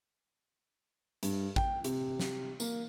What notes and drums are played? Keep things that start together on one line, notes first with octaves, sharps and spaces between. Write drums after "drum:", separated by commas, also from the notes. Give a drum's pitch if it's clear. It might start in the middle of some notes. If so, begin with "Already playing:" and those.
G2, drum: hi-hat
G5, drum: kick
C3, drum: hi-hat
drum: snare
A#3, drum: tambourine